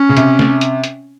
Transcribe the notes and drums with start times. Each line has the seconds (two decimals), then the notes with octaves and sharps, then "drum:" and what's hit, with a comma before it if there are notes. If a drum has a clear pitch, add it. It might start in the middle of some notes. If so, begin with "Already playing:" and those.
Already playing: C#4
0.09 C#3
0.17 C3, drum: hi-hat
0.39 drum: snare
0.61 drum: hi-hat
0.84 drum: hi-hat